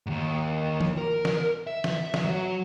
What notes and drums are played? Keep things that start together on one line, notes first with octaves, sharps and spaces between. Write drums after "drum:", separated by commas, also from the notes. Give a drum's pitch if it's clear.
D#2 G#2
drum: tom E3
A#4
drum: snare
E5
drum: snare
drum: snare
F#3